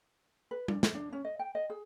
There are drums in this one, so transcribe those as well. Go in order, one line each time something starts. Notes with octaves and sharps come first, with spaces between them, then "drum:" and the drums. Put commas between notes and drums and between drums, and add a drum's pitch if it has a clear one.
B4
D4, drum: tom
C5, drum: snare
D4
C#4
D#5
G5
D#5
G#4